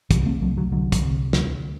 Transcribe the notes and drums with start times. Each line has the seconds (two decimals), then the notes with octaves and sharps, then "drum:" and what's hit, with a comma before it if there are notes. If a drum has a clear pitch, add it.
0.11 C2 E3 G3, drum: kick, hi-hat
0.26 A3 C4
0.41 C2 F#3 A3
0.56 D3 F#3
0.72 C2 D3 F#3
0.92 drum: kick, hi-hat
1.02 C3
1.33 D2, drum: snare